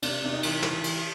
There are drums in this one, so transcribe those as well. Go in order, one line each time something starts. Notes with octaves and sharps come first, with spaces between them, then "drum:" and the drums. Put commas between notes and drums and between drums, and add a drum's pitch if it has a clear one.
C3 D4, drum: cymbal
C3 D4
D#4
E3, drum: cymbal
E3, drum: snare
E3, drum: cymbal